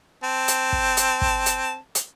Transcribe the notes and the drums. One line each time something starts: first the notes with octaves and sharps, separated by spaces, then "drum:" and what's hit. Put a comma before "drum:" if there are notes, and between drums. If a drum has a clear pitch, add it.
C4 A5
drum: hi-hat
drum: kick
drum: hi-hat
drum: kick
drum: hi-hat
drum: hi-hat